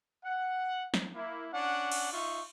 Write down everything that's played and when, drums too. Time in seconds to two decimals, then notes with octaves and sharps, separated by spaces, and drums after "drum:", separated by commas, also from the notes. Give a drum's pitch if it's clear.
0.24 F#5
0.94 drum: snare
1.14 A#3 E4
1.53 C#4 D4 F#5
1.92 drum: cymbal
2.12 D#4 F4 E5 C#6